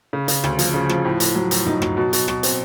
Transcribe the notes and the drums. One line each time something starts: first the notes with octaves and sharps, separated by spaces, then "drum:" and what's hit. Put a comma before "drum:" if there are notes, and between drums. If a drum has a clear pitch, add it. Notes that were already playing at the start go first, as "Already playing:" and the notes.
C#3
C#3, drum: hi-hat
D2, drum: rim click
F3, drum: hi-hat
C#3
F3, drum: rim click
A2
A2, drum: hi-hat
F#3
A2, drum: hi-hat
D#4, drum: tom
F#3, drum: rim click
B2
B2, drum: hi-hat
B2, drum: rim click
C4, drum: hi-hat